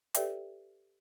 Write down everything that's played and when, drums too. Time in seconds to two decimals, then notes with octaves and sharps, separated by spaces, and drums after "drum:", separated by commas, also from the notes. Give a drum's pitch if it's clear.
0.15 G4 A4 B4 D5 E5 G5, drum: hi-hat